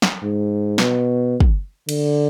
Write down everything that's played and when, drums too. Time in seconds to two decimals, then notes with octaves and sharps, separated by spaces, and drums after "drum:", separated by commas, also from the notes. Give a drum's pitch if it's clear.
0.02 drum: snare
0.23 G#2
0.78 B2, drum: snare
1.40 drum: kick
1.89 D3, drum: cymbal